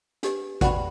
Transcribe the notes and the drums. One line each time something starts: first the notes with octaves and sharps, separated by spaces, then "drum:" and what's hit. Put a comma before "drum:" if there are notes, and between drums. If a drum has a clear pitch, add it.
D4 G4 B4, drum: hi-hat
F#4 B4 D5 G5 B5, drum: kick G#1, hi-hat